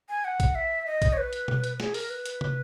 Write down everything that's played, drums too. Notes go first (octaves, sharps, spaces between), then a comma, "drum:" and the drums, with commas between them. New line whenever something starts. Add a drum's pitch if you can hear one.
G#5
F#5
drum: kick A#1, hi-hat
E5
D#5
drum: kick A#1, hi-hat
C#5
B4
drum: hi-hat
drum: tom B2
drum: hi-hat
G#4, drum: snare
A#4, drum: open hi-hat
B4
drum: hi-hat
drum: tom